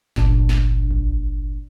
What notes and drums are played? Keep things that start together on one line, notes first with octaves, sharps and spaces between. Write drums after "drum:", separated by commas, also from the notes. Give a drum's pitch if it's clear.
G1 C2 A#2 D4, drum: snare
drum: snare
drum: kick A#1